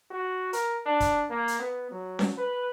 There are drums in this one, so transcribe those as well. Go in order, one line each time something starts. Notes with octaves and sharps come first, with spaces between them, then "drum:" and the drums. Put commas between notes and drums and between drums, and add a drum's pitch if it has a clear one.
F#4
A#4, drum: hi-hat
D4
drum: kick, hi-hat
A#3
drum: hi-hat
B3
F#3
drum: snare C#4
B4